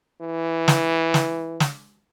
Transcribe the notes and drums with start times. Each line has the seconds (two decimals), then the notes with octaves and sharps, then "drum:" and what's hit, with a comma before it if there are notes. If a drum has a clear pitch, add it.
0.21 E3
0.68 drum: snare
1.14 drum: snare
1.60 drum: snare